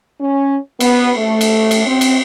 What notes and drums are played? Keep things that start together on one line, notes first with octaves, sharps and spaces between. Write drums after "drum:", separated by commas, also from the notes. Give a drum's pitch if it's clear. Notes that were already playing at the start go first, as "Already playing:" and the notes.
C#4
B3, drum: cymbal
A3
drum: cymbal
drum: cymbal
C4
drum: cymbal